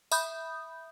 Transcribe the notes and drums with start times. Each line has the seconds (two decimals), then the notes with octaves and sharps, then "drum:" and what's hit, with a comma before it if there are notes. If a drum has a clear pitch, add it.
0.12 E5 B5 D#6 G6, drum: tambourine